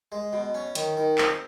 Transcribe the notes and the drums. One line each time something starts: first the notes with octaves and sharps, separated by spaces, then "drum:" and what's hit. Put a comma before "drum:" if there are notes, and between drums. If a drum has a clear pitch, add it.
G#3
B2
C#4
D#3, drum: hi-hat
D#3
C4, drum: clap